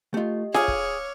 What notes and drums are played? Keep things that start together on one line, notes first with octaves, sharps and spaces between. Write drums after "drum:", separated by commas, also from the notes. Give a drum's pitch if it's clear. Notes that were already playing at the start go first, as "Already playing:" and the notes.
A3 F4 G4 D#5
G#4 C#5 F5 D6 E6 F6, drum: snare F4
drum: kick